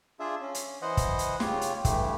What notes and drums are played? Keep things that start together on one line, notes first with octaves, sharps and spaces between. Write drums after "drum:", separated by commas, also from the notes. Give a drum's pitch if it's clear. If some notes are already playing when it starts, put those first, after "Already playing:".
D4 F4 G#4 E5
C#4
drum: hi-hat
E3 C5 D#5 F#5
drum: kick, hi-hat
drum: hi-hat
C#3 F4 G4 C#5, drum: snare
drum: hi-hat
G2 E3 A3 G4, drum: kick, hi-hat